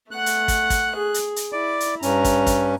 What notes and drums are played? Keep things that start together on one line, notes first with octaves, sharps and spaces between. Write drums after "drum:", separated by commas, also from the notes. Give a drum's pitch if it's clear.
A3 F#5 F#6
drum: hi-hat
drum: kick, hi-hat
drum: kick, hi-hat
G#4
drum: hi-hat
drum: hi-hat
E4 D5 D6
drum: hi-hat
G2 C#4 A#5, drum: hi-hat
drum: kick, hi-hat
drum: kick, hi-hat